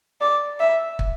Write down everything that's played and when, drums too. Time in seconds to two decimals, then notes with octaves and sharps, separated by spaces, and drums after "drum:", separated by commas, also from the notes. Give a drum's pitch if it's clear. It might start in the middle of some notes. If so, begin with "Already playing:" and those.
0.21 D5
0.60 E5
0.99 drum: kick